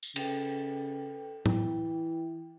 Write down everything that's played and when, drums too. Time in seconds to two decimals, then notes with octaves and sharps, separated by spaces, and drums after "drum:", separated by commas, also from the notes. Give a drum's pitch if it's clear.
0.03 drum: tambourine
0.16 C#3 A4 B4 G5, drum: cymbal
1.46 E3 G5, drum: tom